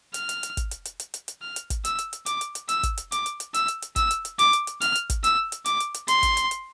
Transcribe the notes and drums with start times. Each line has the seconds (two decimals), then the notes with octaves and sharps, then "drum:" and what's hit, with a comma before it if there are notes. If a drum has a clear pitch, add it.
0.14 F6, drum: hi-hat
0.29 drum: hi-hat
0.43 drum: hi-hat
0.57 drum: kick, hi-hat
0.71 drum: hi-hat
0.85 drum: hi-hat
1.00 drum: hi-hat
1.14 drum: hi-hat
1.28 drum: hi-hat
1.42 F6
1.56 drum: hi-hat
1.70 drum: kick, hi-hat
1.85 E6, drum: hi-hat
1.99 drum: hi-hat
2.13 drum: hi-hat
2.26 D6, drum: hi-hat
2.41 drum: hi-hat
2.55 drum: hi-hat
2.69 E6, drum: hi-hat
2.83 drum: kick, hi-hat
2.98 drum: hi-hat
3.12 D6, drum: hi-hat
3.26 drum: hi-hat
3.40 drum: hi-hat
3.54 E6, drum: hi-hat
3.68 drum: hi-hat
3.82 drum: hi-hat
3.96 E6, drum: kick, hi-hat
4.11 drum: hi-hat
4.25 drum: hi-hat
4.39 D6, drum: hi-hat
4.53 drum: hi-hat
4.67 drum: hi-hat
4.81 F6, drum: hi-hat
4.95 drum: hi-hat
5.10 drum: kick, hi-hat
5.24 E6, drum: hi-hat
5.52 drum: hi-hat
5.66 D6, drum: hi-hat
5.80 drum: hi-hat
5.94 drum: hi-hat
6.08 C6, drum: hi-hat
6.23 drum: kick, hi-hat
6.37 drum: hi-hat
6.51 drum: hi-hat